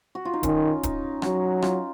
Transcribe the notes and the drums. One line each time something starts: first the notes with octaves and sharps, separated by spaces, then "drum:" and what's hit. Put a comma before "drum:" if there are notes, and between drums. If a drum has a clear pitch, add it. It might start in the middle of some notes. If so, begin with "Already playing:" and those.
F#4
F4
D#4
D#3 C#4, drum: kick D1, hi-hat
D#4, drum: kick D1, hi-hat
F#3 F#4, drum: rim click
F4, drum: rim click